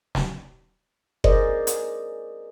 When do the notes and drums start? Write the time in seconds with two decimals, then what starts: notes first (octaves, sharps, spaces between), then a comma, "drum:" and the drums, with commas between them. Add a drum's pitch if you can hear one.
0.15 drum: snare
1.24 G#4 A#4 C5 D5 D#5, drum: kick F#1
1.67 drum: hi-hat